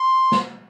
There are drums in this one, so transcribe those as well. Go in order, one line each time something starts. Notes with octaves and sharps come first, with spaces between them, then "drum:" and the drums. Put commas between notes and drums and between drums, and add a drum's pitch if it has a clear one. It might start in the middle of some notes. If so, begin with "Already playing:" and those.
Already playing: C6
drum: snare